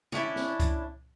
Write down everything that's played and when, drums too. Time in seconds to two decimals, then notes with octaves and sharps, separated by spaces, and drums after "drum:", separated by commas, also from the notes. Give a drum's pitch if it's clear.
0.12 C#4 D4 E4 G5, drum: tom
0.36 drum: snare
0.60 drum: kick C#2, hi-hat